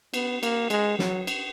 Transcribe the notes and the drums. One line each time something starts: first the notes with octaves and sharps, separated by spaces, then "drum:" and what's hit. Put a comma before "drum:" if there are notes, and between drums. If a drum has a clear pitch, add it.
B3, drum: cymbal
A#3, drum: cymbal
G#3, drum: cymbal
F#3, drum: snare
drum: cymbal